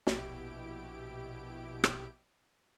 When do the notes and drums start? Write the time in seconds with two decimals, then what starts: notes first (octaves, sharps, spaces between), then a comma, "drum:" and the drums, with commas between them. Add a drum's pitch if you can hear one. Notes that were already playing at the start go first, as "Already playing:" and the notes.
0.07 A#1 B2 E4 G4 D7, drum: snare
1.84 drum: rim click